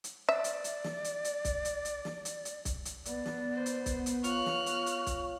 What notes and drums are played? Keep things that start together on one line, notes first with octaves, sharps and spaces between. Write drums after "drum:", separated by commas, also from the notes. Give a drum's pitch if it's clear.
drum: hi-hat
D5 E5
drum: hi-hat
drum: hi-hat
drum: snare
drum: hi-hat
drum: hi-hat
drum: kick, hi-hat
drum: hi-hat
drum: hi-hat
drum: snare
drum: hi-hat
drum: hi-hat
drum: kick, hi-hat
drum: hi-hat
B3 D5, drum: hi-hat
drum: snare
C5
drum: hi-hat
drum: kick, hi-hat
drum: hi-hat
F4 C#5 F5 C#6 F6 F#6, drum: hi-hat
drum: snare
drum: hi-hat
drum: hi-hat
drum: kick, hi-hat